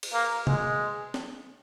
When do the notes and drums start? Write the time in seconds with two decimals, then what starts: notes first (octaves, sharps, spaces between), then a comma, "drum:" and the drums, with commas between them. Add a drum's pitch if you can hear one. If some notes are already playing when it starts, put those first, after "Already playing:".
0.03 drum: cymbal
0.13 A#3
0.47 G#3, drum: tom C3
1.14 drum: snare